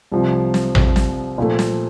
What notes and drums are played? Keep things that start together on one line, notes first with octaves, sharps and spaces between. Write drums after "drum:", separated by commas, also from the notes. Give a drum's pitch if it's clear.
C2 C3 F3
drum: snare
drum: tom A1
drum: snare
A#2 F3 A3
drum: snare